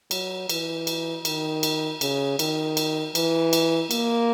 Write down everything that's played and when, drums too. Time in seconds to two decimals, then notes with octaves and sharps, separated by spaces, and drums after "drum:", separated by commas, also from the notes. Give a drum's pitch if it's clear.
0.11 F#3, drum: cymbal
0.49 E3, drum: cymbal
0.87 drum: cymbal
1.25 D#3, drum: cymbal
1.63 drum: cymbal
2.01 C#3, drum: cymbal
2.39 D#3, drum: cymbal
2.77 drum: cymbal
3.15 E3, drum: cymbal
3.53 drum: cymbal
3.91 A#3, drum: cymbal